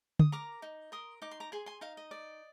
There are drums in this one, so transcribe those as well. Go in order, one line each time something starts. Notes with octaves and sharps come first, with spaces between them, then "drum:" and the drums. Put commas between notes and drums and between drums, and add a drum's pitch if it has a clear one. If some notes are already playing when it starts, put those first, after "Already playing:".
D#6, drum: tom
A#4 A#5 D6
D#4
A#4 C6 D#6
D#4 D6
C6
A#5 D6
G#4 G#5 C6
G#5 C6
D#4 F5
D#5
D5